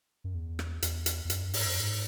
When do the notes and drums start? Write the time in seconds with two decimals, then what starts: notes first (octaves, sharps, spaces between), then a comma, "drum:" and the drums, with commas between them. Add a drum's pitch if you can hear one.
0.24 F#2
0.35 E2
0.59 drum: rim click
0.82 E2, drum: hi-hat
1.06 drum: hi-hat
1.25 E2
1.30 F#2, drum: hi-hat
1.53 G#2, drum: open hi-hat
1.66 F#2
1.80 G#2